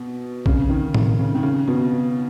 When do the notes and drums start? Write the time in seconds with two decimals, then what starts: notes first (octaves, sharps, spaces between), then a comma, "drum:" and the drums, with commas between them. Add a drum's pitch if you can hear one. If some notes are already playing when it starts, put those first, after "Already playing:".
Already playing: B2
0.46 C#3, drum: kick A#1
0.69 D#3
0.94 D#3, drum: tom A2
1.19 C#3
1.35 D#3
1.43 C#3
1.67 B2